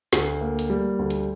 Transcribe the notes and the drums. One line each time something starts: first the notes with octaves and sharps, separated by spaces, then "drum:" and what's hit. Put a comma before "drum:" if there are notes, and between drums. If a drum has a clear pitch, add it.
D2, drum: snare
A#3
drum: hi-hat
G3
D2
drum: hi-hat